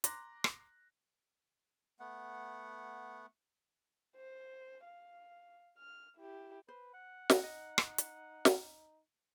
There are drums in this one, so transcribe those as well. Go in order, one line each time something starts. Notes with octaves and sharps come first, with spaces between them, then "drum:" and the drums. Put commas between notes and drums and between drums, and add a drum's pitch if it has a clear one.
A#5 C6 D6 F#6 A#6, drum: hi-hat
drum: rim click
A3 B3 F#5
C5
F5
F6
E4 G4
B4 C5
F#5
E4 D#5, drum: snare
D#4 D#5
drum: rim click
drum: hi-hat
drum: snare